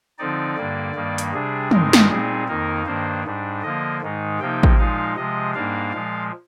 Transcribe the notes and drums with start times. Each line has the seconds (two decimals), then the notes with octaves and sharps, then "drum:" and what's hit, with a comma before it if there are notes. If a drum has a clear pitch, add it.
0.18 D3 F3 C4 D#4 D5
0.57 G2 D3 G3 A#3
0.95 G2 D#3 G3 A#3
1.18 drum: hi-hat
1.33 C3 G3 D4 G#4
1.71 G2 D#3 G#3 C4 D#4 A#4, drum: tom
1.93 drum: snare
2.10 A#2 G3 C4 D#4 G#4
2.48 F2 D#3 A#3 D#4 A#4
2.86 G2 D#3 A#3 D4 C5
3.24 G#2 G3 D4
3.62 D3 F3 A#3 D#5
4.02 G#2 D#3 G#3 D#4
4.40 C3 F3 A#3 D#4 G5
4.63 drum: kick A1
4.78 A#2 F3 G#3 D#4 F5
5.16 C3 F3 G#3 D#5
5.54 G#2 G3 A#3 D4 F5
5.93 A#2 F3 G#3